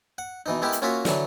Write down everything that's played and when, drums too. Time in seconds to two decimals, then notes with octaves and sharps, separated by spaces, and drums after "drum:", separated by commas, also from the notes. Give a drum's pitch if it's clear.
0.18 F#5
0.46 B2 E3 D#4
0.62 G#3 B3 E4 G4 A#4
0.72 drum: hi-hat
0.82 A#3 C#4 F4 F#4 A#4 E5
1.05 D3 E3 F#3, drum: snare